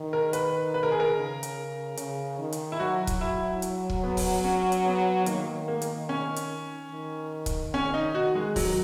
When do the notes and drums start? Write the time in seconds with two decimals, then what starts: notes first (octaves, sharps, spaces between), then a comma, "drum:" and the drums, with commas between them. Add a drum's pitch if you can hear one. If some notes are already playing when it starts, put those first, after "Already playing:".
Already playing: D#3
0.13 A#4
0.33 B4, drum: hi-hat
0.74 B4
0.83 A#4
0.91 G#4
1.00 A#4
1.16 C#3
1.43 drum: hi-hat
1.97 C#3, drum: hi-hat
2.39 D#3
2.52 drum: hi-hat
2.72 E4
2.79 F#3 F#4
3.07 drum: kick, hi-hat
3.21 E4
3.62 drum: hi-hat
3.90 drum: kick
4.04 B3
4.17 drum: kick, open hi-hat
4.44 C#4
4.72 drum: hi-hat
4.85 B3
5.26 D#3 A#3, drum: hi-hat
5.68 A#3
5.82 drum: hi-hat
6.09 C#4
6.36 drum: hi-hat
6.91 D#3
7.46 drum: kick, hi-hat
7.74 C#4
7.94 D#4
8.14 F#4
8.35 G#3
8.56 F#3, drum: kick, open hi-hat